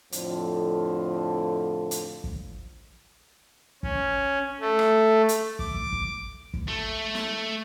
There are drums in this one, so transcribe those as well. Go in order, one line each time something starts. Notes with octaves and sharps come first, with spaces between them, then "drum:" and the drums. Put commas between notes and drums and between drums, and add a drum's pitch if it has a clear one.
F2 A2 D3 F3, drum: hi-hat
drum: hi-hat
drum: kick
C#4, drum: kick
A3
drum: rim click
drum: hi-hat
D6, drum: kick
drum: kick
drum: kick
drum: kick
A3
drum: snare